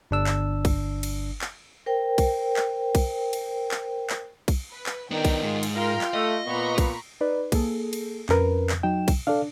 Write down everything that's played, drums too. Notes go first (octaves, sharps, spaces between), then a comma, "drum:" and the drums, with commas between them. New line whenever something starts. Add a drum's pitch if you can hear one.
G1 D4 E6
drum: clap
drum: kick B1, cymbal
drum: cymbal
drum: clap
A#4 C5 G5
drum: kick B1, cymbal
drum: clap
drum: kick B1, cymbal
drum: cymbal
drum: clap
drum: clap
drum: kick B1, cymbal
B4
drum: clap
D#3 B3 D4 G5 A#5
drum: kick B1, cymbal
G#2 F4 G#4
drum: cymbal
F4 A#4 G5 C6 F6
drum: clap
A3 D#5
A#2 B3 A#5 B5 C#6
drum: kick B1, cymbal
D#4 B4 D5
A#3 G#4 A4, drum: kick B1, cymbal
drum: cymbal
F2 C#4 A#4 B4, drum: clap
drum: clap
F#3 D#4 G5 E7
drum: kick B1, cymbal
D4 A4 D5 F5